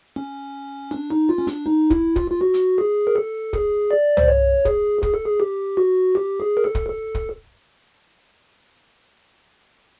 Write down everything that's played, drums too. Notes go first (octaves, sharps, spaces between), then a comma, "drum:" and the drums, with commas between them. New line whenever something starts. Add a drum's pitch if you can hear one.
C#4
D4
D#4
F4
C#4
D4, drum: hi-hat
D#4
E4, drum: kick
F4, drum: kick
F4
F#4
drum: hi-hat
G#4
A#4
A4
G#4, drum: kick
D5
C5, drum: tom
C#5
G#4, drum: kick
G#4, drum: kick
A4
G#4
G4
F#4
G4
G#4
A#4
A4
drum: kick
A4
drum: kick